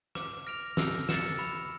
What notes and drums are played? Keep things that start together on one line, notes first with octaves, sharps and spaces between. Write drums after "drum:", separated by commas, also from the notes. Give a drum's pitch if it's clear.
D6, drum: rim click
F6 A#6 D7 F7
E6, drum: snare
A6 C#7 E7, drum: snare
B5